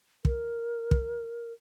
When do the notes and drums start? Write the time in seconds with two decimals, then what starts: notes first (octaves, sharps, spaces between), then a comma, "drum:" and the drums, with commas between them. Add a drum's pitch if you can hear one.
0.25 A#4, drum: kick
0.91 drum: kick